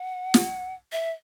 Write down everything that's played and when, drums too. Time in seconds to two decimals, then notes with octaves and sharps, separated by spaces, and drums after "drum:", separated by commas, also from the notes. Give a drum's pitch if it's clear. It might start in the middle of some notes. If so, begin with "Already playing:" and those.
Already playing: F#5
0.34 drum: snare
0.92 E5